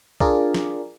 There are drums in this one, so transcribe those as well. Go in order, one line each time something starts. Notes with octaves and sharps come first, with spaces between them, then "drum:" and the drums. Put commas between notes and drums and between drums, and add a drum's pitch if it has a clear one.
D4 F4 G#4 A#4 D5, drum: kick B1
drum: snare